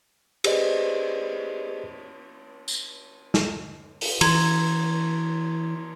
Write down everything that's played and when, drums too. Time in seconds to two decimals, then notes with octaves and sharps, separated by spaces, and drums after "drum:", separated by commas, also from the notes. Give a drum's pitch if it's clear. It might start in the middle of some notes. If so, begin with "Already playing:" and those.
0.44 G4 G#4 B4 C5 D5 D#5, drum: cymbal
2.68 drum: tambourine
3.34 drum: snare
4.01 drum: open hi-hat
4.21 E3 A#5 C6 G#6, drum: cymbal